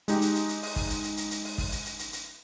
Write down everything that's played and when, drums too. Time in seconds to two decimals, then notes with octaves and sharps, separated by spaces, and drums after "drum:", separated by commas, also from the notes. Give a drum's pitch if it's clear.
0.08 G#3 D#4 G4, drum: hi-hat
0.22 drum: hi-hat
0.35 drum: hi-hat
0.49 drum: hi-hat
0.63 drum: open hi-hat
0.76 drum: kick, open hi-hat
0.90 drum: hi-hat
1.04 drum: hi-hat
1.17 drum: hi-hat
1.31 drum: hi-hat
1.45 drum: open hi-hat
1.58 drum: kick, open hi-hat
1.72 drum: hi-hat
1.85 drum: hi-hat
1.99 drum: hi-hat
2.13 drum: hi-hat